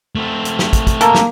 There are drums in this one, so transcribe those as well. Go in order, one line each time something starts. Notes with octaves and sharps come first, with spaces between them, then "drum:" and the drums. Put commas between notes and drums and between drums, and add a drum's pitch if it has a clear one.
A3 C4
drum: hi-hat
drum: snare
drum: kick, hi-hat
drum: kick, hi-hat
A#3 A4 A#4, drum: hi-hat
drum: snare